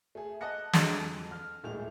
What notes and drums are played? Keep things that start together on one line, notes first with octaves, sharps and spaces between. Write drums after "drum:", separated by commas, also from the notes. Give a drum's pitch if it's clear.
A3 G#4
D#5 A5 F#6 A#6 C#7
D3 F#3 G#3, drum: snare
F2
F6
D#1 A2 G#3 F7